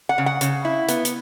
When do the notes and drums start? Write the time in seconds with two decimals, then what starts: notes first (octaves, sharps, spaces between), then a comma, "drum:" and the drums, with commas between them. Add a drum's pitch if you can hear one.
0.09 F#5
0.18 C#3
0.26 F#5
0.41 C#3, drum: hi-hat
0.65 E4
0.89 B3, drum: hi-hat
1.05 drum: hi-hat